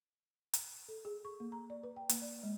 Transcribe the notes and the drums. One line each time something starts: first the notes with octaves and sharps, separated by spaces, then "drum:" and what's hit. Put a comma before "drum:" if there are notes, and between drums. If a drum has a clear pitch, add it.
drum: hi-hat
A4
G#4
C#6
A#3
A#5
D5
B4
G5
A#3, drum: hi-hat
D5
G#3